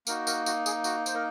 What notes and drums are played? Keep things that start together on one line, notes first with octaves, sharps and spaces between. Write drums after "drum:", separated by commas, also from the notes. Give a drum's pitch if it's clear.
A#3 D#4 F#4 A#4, drum: tambourine
A#4, drum: tambourine
F#4, drum: tambourine
G#4, drum: tambourine
F#4, drum: tambourine
C5, drum: tambourine
A#4